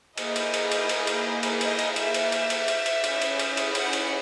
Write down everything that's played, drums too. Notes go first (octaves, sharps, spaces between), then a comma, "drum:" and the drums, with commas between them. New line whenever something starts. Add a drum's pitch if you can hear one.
A#3 E4 G#4 D#5, drum: cymbal
drum: cymbal
drum: cymbal
drum: cymbal
drum: cymbal
drum: cymbal
drum: cymbal
D#5, drum: cymbal
drum: cymbal
E5, drum: cymbal
drum: cymbal
drum: cymbal
drum: cymbal
drum: cymbal
drum: cymbal
C#4 E4 G#4, drum: cymbal
drum: cymbal
drum: cymbal
drum: cymbal
F#5, drum: cymbal
drum: cymbal